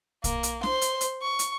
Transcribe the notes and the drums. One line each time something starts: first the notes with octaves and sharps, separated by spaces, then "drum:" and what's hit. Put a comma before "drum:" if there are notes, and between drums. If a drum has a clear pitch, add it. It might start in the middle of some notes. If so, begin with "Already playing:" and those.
A#3, drum: kick, hi-hat
drum: hi-hat
C5 C6, drum: snare
drum: hi-hat
drum: hi-hat
C#6
drum: hi-hat